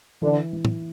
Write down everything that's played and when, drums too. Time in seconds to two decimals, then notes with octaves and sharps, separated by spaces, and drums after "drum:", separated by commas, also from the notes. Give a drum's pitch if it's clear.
0.22 D3 E3
0.53 E3
0.65 drum: tom